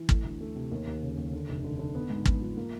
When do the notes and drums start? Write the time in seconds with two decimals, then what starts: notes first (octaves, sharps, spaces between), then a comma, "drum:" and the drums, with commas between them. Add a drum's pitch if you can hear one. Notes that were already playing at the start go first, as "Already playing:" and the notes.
Already playing: E3
0.09 A3, drum: kick
0.24 D2
0.41 A3
0.56 C3
0.72 D#2
0.87 D#2
1.03 C#3
1.18 D#2
1.33 D3
1.49 F1
1.64 D3
1.79 D3
1.95 B3
2.10 G#2
2.25 B3, drum: kick
2.41 F3
2.57 A#3